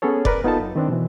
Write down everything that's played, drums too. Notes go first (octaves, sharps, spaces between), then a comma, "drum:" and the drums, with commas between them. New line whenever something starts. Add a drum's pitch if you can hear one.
B3 C#4 G#4 A4 C#5
A#4 B4 D5, drum: kick F1
B3 D#4 F4 A4 A5
F#2
D#3 C4 D4
B2 E3